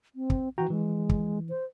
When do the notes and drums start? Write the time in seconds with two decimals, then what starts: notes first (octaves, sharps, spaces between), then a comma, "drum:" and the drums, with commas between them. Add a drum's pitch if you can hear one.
0.15 C4
0.30 drum: kick
0.58 E3 F#4 G5 A#5
0.70 E3 G#3
1.09 drum: kick
1.49 C5